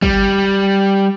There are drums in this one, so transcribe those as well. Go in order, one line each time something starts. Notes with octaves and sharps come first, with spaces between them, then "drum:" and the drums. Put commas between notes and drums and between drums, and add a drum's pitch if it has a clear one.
G3, drum: kick